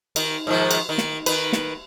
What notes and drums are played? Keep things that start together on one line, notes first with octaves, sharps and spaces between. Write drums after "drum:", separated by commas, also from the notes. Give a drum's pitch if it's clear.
D#3, drum: cymbal
G#2 D#3 F3
drum: cymbal
D#3
drum: snare
D#3 B4, drum: cymbal
drum: snare